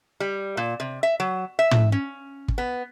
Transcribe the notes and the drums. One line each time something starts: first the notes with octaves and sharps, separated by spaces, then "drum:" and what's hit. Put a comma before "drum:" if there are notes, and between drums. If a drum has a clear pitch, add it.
G3
A#2
C3
E5
F#3
E5
drum: tom
C#4
drum: kick
B3